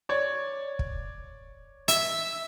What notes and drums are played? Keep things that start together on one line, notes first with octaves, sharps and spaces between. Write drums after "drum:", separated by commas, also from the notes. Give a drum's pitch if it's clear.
C#5 D5
drum: kick
E5, drum: hi-hat